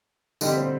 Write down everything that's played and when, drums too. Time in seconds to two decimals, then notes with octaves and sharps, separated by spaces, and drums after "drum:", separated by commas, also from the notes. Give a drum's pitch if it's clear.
0.41 D3 G3 C4 G4 D#5, drum: tambourine
0.57 C5